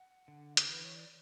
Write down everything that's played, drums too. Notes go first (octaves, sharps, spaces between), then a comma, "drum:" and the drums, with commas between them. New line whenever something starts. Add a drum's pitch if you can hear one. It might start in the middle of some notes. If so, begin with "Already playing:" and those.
Already playing: F#5
D3
A4, drum: hi-hat
E3 B4
C#5
D5